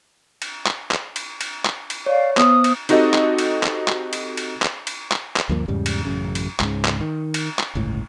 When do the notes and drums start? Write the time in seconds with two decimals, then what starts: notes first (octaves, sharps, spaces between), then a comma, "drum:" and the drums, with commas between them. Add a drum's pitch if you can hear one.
0.42 drum: cymbal
0.66 drum: clap
0.91 drum: clap
1.16 drum: cymbal
1.41 drum: cymbal
1.65 drum: clap
1.90 drum: cymbal
2.06 C#5 D5 F5
2.37 B3 C5 D#6, drum: clap
2.64 drum: cymbal
2.89 C4 D#4 F#4 G4 A4 D#5, drum: cymbal
3.14 drum: clap
3.38 drum: cymbal
3.63 drum: clap
3.88 drum: clap
4.13 drum: cymbal
4.37 drum: cymbal
4.62 drum: clap
4.87 drum: cymbal
5.12 drum: clap
5.36 drum: clap
5.49 D2 G2 F3 A#3
5.68 E2 G#2 C#3 G3
5.86 drum: cymbal
6.05 A1 F#2 C#3
6.35 drum: cymbal
6.60 C#2 G#2 C#3, drum: clap
6.85 drum: clap
7.01 D#3
7.34 drum: cymbal
7.59 drum: clap
7.75 G1 C#2 A2